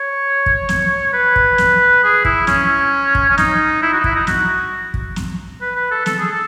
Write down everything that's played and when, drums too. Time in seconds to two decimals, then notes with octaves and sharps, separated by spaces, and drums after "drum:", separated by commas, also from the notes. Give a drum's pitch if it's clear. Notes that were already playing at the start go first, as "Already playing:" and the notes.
Already playing: C#5
0.46 drum: kick
0.69 drum: snare
1.13 B4
1.36 drum: kick
1.58 drum: snare
2.04 G#4
2.25 E4, drum: kick
2.47 C#4, drum: snare
3.15 drum: kick
3.30 C#4
3.38 D#4, drum: snare
3.82 E4
3.93 F#4
4.00 D#4
4.04 E4, drum: kick
4.15 D#4
4.27 F#4, drum: snare
4.94 drum: kick
5.16 drum: snare
5.61 B4
5.76 B4
5.91 A4
6.06 A4, drum: snare
6.18 G#4
6.31 A4